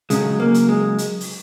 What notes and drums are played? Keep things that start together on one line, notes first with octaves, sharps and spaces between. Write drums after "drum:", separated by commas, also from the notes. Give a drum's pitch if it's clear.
C#3 F#3 G#3, drum: hi-hat
A#3
drum: hi-hat
G#3
drum: hi-hat
drum: open hi-hat